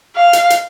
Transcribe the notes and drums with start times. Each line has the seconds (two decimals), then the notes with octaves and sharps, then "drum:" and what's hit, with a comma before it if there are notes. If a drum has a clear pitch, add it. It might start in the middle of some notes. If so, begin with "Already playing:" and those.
0.16 F5
0.33 drum: hi-hat
0.50 drum: hi-hat